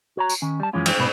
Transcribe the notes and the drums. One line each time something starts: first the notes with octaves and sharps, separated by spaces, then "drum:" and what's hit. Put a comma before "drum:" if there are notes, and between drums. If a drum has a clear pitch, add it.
F#4 C#5 A#5
drum: tambourine
D#3 C#4
G3 A5
F#2 E3 F3 G#3 C#4 F4
drum: cymbal
C2 G#2 B2 B4